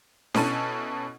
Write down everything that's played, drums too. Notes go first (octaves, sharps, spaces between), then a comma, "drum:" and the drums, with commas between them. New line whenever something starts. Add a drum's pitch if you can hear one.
B2 C#4 E4 A4 D#7, drum: snare D4